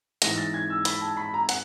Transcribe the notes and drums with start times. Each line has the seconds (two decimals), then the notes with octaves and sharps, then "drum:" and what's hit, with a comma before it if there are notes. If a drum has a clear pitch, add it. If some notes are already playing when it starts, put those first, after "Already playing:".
0.22 G#2 E3 G#3 A#6, drum: hi-hat
0.34 A#6
0.37 A6
0.54 G#6
0.70 E6
0.85 B5, drum: hi-hat
1.01 A5
1.17 B5
1.34 A#5
1.49 F#5, drum: hi-hat